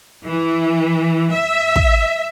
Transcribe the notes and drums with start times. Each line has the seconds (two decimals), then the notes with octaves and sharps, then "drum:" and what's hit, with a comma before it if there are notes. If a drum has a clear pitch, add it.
0.26 E3
1.32 E5
1.76 drum: kick